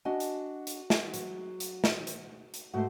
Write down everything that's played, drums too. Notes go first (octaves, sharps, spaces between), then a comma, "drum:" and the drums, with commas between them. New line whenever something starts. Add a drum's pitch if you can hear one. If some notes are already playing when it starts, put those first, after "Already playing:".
D4 F#4 D#5 G#5
drum: hi-hat
drum: hi-hat
drum: snare
F#3, drum: hi-hat
drum: hi-hat
drum: snare
drum: hi-hat
drum: hi-hat
G#2 A3 F#4 C5